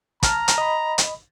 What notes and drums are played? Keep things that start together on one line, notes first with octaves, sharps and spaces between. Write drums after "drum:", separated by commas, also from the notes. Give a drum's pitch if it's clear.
A5 A#5 F6, drum: kick, hi-hat
drum: hi-hat
D#5 B5
drum: hi-hat